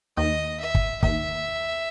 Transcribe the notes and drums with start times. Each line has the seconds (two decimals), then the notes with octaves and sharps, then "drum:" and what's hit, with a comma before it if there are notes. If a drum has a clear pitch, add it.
0.17 D#2 D#3 D#5
0.60 E5
0.75 drum: kick
1.03 D#2 D#3 E5, drum: kick